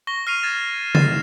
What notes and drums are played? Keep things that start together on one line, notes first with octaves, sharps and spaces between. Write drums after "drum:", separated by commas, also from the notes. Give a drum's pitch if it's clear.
C#6 A#6 G7
F6 C7 D#7 F7
G#6 A6 E7
A6 C7 E7, drum: tom C#3